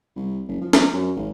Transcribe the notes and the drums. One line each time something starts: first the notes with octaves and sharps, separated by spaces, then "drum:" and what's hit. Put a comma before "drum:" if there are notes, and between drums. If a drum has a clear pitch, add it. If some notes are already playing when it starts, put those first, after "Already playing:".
C2
F#1
F3
F3, drum: snare
F#2
G#1